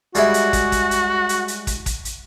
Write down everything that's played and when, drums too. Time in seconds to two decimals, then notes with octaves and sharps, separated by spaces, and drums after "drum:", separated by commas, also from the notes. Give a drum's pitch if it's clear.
0.15 G3 G#3 E4 F#4, drum: hi-hat
0.34 drum: hi-hat
0.53 drum: kick, hi-hat
0.72 drum: kick, hi-hat
0.91 drum: hi-hat
1.29 drum: hi-hat
1.48 drum: hi-hat
1.67 drum: kick, hi-hat
1.86 drum: kick, hi-hat
2.05 drum: hi-hat